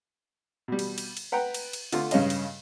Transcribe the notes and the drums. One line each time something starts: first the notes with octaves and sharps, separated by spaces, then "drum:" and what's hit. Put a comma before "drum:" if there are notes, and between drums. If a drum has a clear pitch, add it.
B2 G3
drum: cymbal
drum: cymbal
drum: cymbal
B4 F#5 G5 A#5
drum: cymbal
drum: cymbal
D3 A3 F4, drum: cymbal
G2 C#3 C#4 D#5 F5, drum: cymbal
drum: cymbal